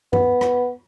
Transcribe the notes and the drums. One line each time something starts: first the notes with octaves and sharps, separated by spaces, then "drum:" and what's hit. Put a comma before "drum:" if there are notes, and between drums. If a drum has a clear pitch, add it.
B3, drum: tom G2
drum: rim click